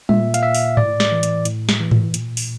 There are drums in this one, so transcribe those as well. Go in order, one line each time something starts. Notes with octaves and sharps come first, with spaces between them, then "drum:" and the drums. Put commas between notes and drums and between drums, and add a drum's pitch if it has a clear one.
A#2 E5, drum: tom
F5, drum: hi-hat
E5
drum: open hi-hat
A2 D5, drum: tom G#2
D5, drum: snare
E3
drum: hi-hat
A2, drum: hi-hat
drum: snare
E3
drum: tom G#2
A#2, drum: hi-hat
drum: open hi-hat